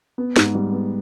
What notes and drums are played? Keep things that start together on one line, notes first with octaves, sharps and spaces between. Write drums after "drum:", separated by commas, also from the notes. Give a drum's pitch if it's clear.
B3
G#2, drum: snare
G3
B3